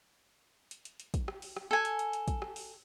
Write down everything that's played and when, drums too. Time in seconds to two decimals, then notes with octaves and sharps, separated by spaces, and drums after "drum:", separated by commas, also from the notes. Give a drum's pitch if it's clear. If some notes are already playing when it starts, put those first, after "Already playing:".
0.71 drum: hi-hat
0.85 drum: hi-hat
1.00 drum: hi-hat
1.14 drum: kick, hi-hat
1.28 drum: rim click
1.42 drum: open hi-hat
1.56 drum: rim click
1.71 A4 G#5
1.85 drum: hi-hat
1.99 drum: hi-hat
2.13 drum: hi-hat
2.28 drum: kick, hi-hat
2.42 drum: rim click
2.56 drum: open hi-hat